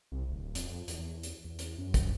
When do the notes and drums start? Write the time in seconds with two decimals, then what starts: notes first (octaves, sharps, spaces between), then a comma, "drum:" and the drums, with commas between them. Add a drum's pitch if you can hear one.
0.12 C2
0.29 D1
0.55 F2, drum: hi-hat
0.88 E2, drum: hi-hat
1.23 drum: hi-hat
1.45 E2
1.59 drum: hi-hat
1.78 F#2
1.94 drum: kick, hi-hat